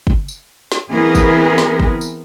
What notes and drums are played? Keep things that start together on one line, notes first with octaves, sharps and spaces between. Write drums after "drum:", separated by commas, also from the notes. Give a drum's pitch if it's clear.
drum: kick
drum: tambourine
drum: snare
E3 B3 C4 G#4 A#4 B4
drum: kick, tambourine
drum: snare
drum: kick
drum: tambourine